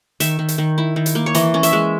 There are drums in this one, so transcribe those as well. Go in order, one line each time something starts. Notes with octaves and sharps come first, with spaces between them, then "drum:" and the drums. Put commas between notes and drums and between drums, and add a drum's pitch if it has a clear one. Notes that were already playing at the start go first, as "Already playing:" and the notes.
D#3 E5, drum: hi-hat
D#3
drum: hi-hat
D#3
E4
D#3
drum: hi-hat
A#3
C#5
E3 D#5, drum: hi-hat
C#4
E5, drum: hi-hat
G#3